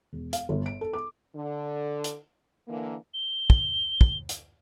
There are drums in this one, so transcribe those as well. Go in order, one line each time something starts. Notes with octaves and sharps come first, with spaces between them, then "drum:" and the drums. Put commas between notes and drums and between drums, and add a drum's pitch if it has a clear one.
E1
F5, drum: hi-hat
G1
D7
A4
D6
D3
drum: hi-hat
D3 E3 A#3
G7
drum: kick
drum: kick
drum: hi-hat